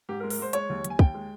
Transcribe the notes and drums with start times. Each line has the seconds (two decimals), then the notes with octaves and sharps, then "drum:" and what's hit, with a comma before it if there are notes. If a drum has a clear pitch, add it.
0.09 G#2 G4
0.20 A#4
0.23 G#3
0.30 A#4, drum: open hi-hat
0.39 G#3 C5
0.53 G#3 C#5, drum: hi-hat
0.70 D#2
0.84 D#2, drum: hi-hat
0.90 G#5
0.99 D#2 G5, drum: kick
1.14 G#3